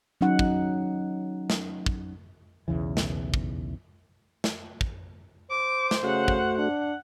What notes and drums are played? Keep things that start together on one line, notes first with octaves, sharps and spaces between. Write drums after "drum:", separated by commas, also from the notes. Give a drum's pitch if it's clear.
F#3 C#4 D#4 F#5
drum: kick
drum: snare
drum: kick
B1 E2 C#3 E3
drum: snare
drum: kick
drum: snare
drum: kick
C5 D6
drum: snare
C#3 A3 F#4 F#5
drum: kick
D4 F#5